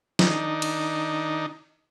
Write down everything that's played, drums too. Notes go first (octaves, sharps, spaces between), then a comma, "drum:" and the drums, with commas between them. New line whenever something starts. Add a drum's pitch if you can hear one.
D#3 D4 D#4, drum: snare
drum: cymbal